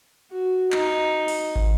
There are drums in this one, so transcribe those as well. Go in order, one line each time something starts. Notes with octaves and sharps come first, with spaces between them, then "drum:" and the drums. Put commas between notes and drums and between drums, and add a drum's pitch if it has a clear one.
F#4
D#4, drum: clap
drum: open hi-hat
drum: kick